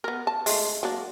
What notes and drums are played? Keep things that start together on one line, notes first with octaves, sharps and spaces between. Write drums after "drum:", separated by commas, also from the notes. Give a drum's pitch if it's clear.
B3 A#4
A5
G#3 A3, drum: open hi-hat
F#3 A#3 D4